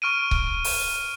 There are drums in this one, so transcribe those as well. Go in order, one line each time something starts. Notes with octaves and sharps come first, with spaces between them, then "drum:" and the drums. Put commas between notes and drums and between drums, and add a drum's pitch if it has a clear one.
C#6 F6 D7 D#7
drum: kick C#1
drum: open hi-hat